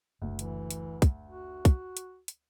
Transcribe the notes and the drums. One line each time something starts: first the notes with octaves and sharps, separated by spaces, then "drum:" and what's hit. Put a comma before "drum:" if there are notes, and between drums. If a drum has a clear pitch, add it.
F#1 D2
E3, drum: hi-hat
drum: hi-hat
drum: kick, hi-hat
F#4
drum: kick, hi-hat
drum: hi-hat
drum: hi-hat